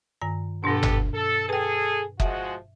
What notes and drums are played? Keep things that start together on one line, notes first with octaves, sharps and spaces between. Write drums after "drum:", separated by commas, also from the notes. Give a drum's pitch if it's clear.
G2 D#3 A#5
G2 B2 B3 D4 G4 A4
drum: tom G1
A4
G#4 A4 B4 G5
F3 G#3 F#4 E5, drum: kick F#1